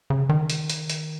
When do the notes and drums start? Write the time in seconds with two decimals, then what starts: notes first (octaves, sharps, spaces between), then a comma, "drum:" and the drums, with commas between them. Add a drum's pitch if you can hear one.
0.10 C#3
0.29 D#3
0.50 drum: hi-hat
0.70 drum: hi-hat
0.90 drum: hi-hat